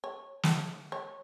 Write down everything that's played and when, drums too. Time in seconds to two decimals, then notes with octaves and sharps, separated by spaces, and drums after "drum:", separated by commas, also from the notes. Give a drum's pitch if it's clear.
0.04 C#5
0.43 drum: snare
0.92 C#5